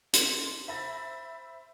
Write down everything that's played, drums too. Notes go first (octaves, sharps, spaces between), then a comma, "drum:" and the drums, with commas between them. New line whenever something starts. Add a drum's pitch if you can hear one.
C6, drum: hi-hat
C5 E5 B5 A6 A#6